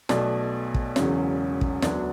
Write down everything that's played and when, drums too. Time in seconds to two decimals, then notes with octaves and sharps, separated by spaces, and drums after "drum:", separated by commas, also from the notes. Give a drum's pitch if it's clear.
0.09 B1 B2 A3 D5, drum: snare
0.74 drum: kick
0.96 E1 E2 C#3 F#3 C#4, drum: snare
1.61 drum: kick
1.82 D2 D3 F#3 B3 D4 D5, drum: snare